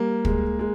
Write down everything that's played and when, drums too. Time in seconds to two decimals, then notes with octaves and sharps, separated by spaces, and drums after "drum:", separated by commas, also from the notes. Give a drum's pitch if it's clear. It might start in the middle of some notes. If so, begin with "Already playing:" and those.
Already playing: G3 A#3
0.25 G#3, drum: kick
0.59 G#3